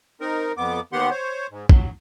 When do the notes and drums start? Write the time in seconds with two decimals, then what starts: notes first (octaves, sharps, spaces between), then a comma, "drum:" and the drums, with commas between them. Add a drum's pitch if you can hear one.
0.21 C4 D#4 A#4
0.57 F2 B3 D6
0.93 D#2 D#3 B3 G4 F#5 C6
1.10 C5 C#5
1.50 G#2
1.69 F#3, drum: kick